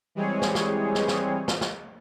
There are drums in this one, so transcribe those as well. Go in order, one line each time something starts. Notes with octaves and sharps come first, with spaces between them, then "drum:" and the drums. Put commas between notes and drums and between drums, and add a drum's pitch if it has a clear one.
E3 G3 G#3 C4 G#4 C#5
drum: snare
drum: snare
drum: snare
drum: snare
drum: snare
drum: snare